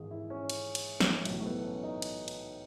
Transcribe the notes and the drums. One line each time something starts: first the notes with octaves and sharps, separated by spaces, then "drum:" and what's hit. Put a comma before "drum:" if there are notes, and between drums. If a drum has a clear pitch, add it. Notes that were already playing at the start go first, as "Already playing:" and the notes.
Already playing: G#1 G#2 E3 G#4
E4
C#4
drum: cymbal
drum: cymbal
drum: snare
B1 A2 E3, drum: cymbal
A3
B3
C#4
D#4
drum: cymbal
drum: cymbal